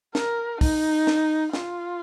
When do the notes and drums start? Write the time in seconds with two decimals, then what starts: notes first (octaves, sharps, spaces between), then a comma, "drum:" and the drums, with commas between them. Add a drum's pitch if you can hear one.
0.15 A#4, drum: snare
0.61 D#4, drum: kick, open hi-hat
1.07 drum: snare
1.53 F4, drum: snare